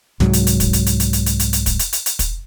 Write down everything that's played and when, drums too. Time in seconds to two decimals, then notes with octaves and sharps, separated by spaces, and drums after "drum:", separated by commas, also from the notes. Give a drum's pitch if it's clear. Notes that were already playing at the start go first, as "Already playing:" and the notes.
0.20 C2 G#2 F#3, drum: snare
0.33 drum: hi-hat
0.47 drum: hi-hat
0.60 drum: kick, hi-hat
0.73 drum: hi-hat
0.86 drum: hi-hat
1.00 drum: hi-hat
1.13 drum: hi-hat
1.26 drum: hi-hat
1.39 drum: hi-hat
1.53 drum: hi-hat
1.66 drum: kick, hi-hat
1.79 drum: hi-hat
1.93 drum: hi-hat
2.06 drum: hi-hat
2.19 drum: kick, hi-hat